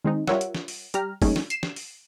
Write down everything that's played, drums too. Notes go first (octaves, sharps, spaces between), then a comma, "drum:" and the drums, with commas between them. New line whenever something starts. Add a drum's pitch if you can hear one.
D#3 G#3 C4 D#4
G3 F4 A#4 C#5 E5 F#5, drum: snare
drum: hi-hat
drum: snare
drum: open hi-hat
G3 G4 A#5 F6, drum: hi-hat
G3 A3 A#3 C#4 D#4 G#4, drum: kick, open hi-hat
drum: snare
C7 E7, drum: hi-hat
drum: snare
drum: open hi-hat